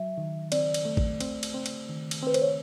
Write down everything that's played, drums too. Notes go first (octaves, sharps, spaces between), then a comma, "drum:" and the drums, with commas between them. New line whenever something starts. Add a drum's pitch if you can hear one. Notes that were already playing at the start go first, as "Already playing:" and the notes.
Already playing: F#3 E5
D#3
C4 D5, drum: cymbal
drum: cymbal
A3
drum: kick
C4, drum: cymbal
drum: cymbal
C4
drum: cymbal
D#3
drum: cymbal
C4 B4
C5, drum: cymbal
C#5